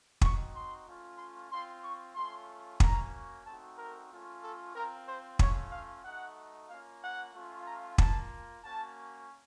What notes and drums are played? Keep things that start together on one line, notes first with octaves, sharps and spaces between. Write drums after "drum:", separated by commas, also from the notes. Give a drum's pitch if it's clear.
C4 D#4 F#4 C#6, drum: kick
C6
A3 C#4 F4
C6
C4 F4 C6
C#6
A3 C#4 F4 C6
A#3 C#4 F#4 A#5, drum: kick
A3 C4 D#4 F#4 A5
A#4
A3 C#4 F4
A4
C4 F4 A#4
C5
A3 C#4 F4 C#5, drum: kick
F5
A3 D#4 F#4 F#5
A#3 C#4 F4 F5
F#5
A3 C#4 F4
A#5
A#3 F4 A5, drum: kick
A#3 C#4 F#4 A5